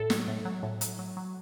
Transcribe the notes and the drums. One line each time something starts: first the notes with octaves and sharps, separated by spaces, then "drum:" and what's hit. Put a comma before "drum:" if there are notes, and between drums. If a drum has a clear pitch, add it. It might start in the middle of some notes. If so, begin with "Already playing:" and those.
Already playing: A2 A4
F#3, drum: snare
A2
F#3
A2
F#3, drum: hi-hat
F#3
F#3